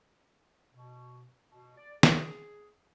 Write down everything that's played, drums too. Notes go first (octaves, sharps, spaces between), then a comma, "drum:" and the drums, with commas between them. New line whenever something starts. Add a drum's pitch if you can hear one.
B2
B2
D5
G#4, drum: snare